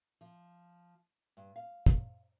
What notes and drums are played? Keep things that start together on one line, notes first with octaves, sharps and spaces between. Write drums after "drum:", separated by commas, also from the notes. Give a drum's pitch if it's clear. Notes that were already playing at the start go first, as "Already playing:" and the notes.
F3
G2
F5
drum: kick